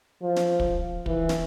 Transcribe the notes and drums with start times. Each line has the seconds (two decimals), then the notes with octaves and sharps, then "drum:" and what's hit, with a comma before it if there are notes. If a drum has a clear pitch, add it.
0.22 F3
0.36 drum: snare
0.60 drum: kick
1.06 E3, drum: kick
1.29 drum: snare